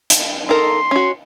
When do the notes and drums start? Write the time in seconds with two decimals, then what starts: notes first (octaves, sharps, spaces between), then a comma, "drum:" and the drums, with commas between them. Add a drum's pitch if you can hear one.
0.10 drum: hi-hat
0.49 D#4 A4 A#4 C6
0.91 C#4 F#4